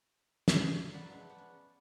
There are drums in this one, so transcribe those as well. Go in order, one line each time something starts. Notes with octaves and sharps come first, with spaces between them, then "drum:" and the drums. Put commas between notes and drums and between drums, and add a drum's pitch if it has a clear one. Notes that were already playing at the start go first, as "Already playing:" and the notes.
B3, drum: snare
B4 D5 F#5
F#3
G#3
A3
B3
C#4